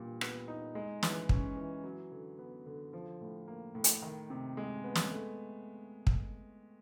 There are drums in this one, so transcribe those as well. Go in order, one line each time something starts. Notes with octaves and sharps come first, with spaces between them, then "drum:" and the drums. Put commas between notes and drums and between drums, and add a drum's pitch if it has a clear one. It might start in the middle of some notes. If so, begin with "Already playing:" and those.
Already playing: A#2 E3 G3 D4
B3, drum: rim click
D#4
G#3
E3, drum: snare
C#4, drum: kick
E3
F#3
D3
B3
D3
F3
A2
A#3
A2
drum: hi-hat
D#3
C3
G#3
B3
drum: snare
A3
drum: kick